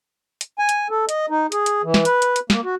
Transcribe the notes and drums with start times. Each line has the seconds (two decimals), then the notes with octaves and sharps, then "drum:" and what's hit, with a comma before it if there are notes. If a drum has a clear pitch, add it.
0.41 drum: hi-hat
0.59 G#5
0.69 drum: hi-hat
0.90 A4
1.09 D#5, drum: hi-hat
1.30 D#4
1.52 G#4, drum: hi-hat
1.66 drum: hi-hat
1.84 E3
1.94 drum: snare
2.05 B4, drum: hi-hat
2.22 drum: hi-hat
2.36 drum: hi-hat
2.50 A#3, drum: snare
2.64 F#4